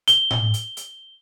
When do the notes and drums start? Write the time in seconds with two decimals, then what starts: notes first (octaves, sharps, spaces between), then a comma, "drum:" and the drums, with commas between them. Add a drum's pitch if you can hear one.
0.08 G7, drum: hi-hat
0.31 drum: tom A2
0.54 drum: hi-hat
0.77 drum: hi-hat